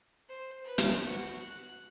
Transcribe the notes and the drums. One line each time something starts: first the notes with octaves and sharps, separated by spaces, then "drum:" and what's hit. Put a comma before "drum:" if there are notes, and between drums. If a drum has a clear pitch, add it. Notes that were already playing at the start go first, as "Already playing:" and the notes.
C5
B4
drum: hi-hat
F#4
F#6